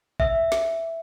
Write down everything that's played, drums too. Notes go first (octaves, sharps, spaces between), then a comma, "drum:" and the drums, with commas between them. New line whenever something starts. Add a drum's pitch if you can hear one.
E5, drum: kick A1
drum: snare